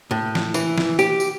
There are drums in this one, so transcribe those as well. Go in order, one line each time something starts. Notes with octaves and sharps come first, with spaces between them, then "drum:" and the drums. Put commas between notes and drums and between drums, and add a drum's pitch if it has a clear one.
A2
drum: snare
E3, drum: tambourine
drum: snare
G4, drum: tambourine
drum: tambourine